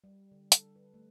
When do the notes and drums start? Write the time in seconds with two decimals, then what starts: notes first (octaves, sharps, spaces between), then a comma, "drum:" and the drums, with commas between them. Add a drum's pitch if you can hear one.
0.04 G3
0.32 D3
0.52 A4, drum: hi-hat
0.76 B4
0.94 A3